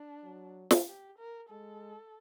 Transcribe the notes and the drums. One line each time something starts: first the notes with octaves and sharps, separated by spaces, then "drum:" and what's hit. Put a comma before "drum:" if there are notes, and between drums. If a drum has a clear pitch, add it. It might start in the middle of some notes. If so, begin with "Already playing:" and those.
Already playing: D4
F#3
drum: snare
G4
A#4
G#3 A4